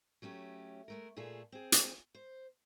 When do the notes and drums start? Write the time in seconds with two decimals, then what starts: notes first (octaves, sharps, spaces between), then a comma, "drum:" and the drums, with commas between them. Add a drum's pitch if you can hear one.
0.22 F#3 A3 C#4 G4
0.88 G#3 A3 A#4
1.17 A#2 A3 F4 G#4 A4
1.52 C4 G#4
1.72 drum: hi-hat
2.15 C5